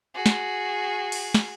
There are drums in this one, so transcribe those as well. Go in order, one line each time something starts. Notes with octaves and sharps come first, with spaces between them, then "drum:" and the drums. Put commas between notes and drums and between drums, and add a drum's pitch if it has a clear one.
F#4 G#4
drum: snare
drum: cymbal
drum: snare